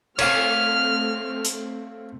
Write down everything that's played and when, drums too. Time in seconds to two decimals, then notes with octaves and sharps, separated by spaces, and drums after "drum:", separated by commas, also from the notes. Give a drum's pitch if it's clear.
0.19 A3 C4 C#5 F5 F6, drum: cymbal
1.45 drum: hi-hat